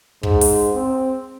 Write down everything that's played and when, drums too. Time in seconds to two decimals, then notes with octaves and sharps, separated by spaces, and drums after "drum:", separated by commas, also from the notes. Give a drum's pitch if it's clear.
0.23 G#2, drum: kick
0.41 drum: open hi-hat
0.74 C4